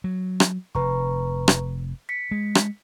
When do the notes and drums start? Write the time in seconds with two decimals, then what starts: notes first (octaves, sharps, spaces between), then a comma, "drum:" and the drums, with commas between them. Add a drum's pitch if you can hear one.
0.04 F#3
0.40 drum: rim click
0.75 F1 B4 A#5 C#6
1.48 drum: rim click
2.09 B6 C#7
2.31 G#3
2.55 drum: rim click